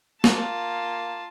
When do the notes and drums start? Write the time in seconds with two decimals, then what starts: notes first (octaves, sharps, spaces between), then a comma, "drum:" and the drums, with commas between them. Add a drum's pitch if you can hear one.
0.24 A#3 F4 A5, drum: snare